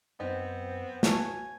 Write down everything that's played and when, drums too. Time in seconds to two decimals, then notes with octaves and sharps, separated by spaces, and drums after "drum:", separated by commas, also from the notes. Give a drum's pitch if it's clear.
0.20 F#2 B3 C4 D#4
1.03 F#4 B4 C#5 F5 G#5 A5, drum: snare